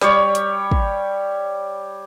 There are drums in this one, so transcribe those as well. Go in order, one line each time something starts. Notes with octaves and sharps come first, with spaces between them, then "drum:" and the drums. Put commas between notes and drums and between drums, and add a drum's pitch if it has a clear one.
G3 C#5, drum: snare
drum: hi-hat
drum: kick